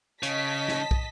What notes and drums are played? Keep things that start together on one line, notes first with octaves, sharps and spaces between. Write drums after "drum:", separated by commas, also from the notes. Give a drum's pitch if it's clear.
C#3 D#5 A5 B6, drum: hi-hat
drum: snare
drum: kick